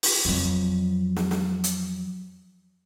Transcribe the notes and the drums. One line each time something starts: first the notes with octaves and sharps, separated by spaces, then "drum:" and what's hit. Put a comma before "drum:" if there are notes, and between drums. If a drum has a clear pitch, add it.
drum: open hi-hat
F2 F#3
drum: snare
drum: snare
drum: hi-hat